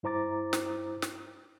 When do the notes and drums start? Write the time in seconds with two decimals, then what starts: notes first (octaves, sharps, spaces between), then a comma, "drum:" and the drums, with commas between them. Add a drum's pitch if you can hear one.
0.03 G2 E4 C5 A#5 D6 A6
0.53 drum: snare
1.02 drum: snare